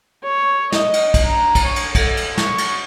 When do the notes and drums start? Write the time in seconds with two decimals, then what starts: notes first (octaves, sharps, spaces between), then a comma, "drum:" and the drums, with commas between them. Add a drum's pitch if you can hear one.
0.23 C#5
0.72 D#5, drum: snare
0.93 drum: cymbal
1.14 drum: kick, cymbal
1.25 A#5
1.55 drum: kick, cymbal
1.64 C#5
1.76 drum: cymbal
1.95 A4, drum: kick, cymbal
2.17 drum: cymbal
2.38 C#6, drum: snare
2.58 drum: cymbal